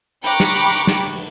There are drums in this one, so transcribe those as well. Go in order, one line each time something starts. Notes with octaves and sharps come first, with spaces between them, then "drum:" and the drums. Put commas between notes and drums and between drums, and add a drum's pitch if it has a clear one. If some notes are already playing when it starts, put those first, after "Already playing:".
G5 A#5 B5 C#6 D6 F#6, drum: hi-hat
drum: snare
drum: hi-hat
drum: hi-hat
drum: snare
drum: open hi-hat